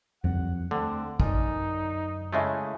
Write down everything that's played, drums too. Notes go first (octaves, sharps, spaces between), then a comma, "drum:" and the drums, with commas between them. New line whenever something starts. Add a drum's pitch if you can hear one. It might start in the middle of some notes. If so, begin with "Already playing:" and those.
F2 F#5, drum: tom F2
D3 A3 C4 D4
F#2 D#4 A#4 D5 G#5, drum: kick
C#3 G#3 A3 E4 E5 G#5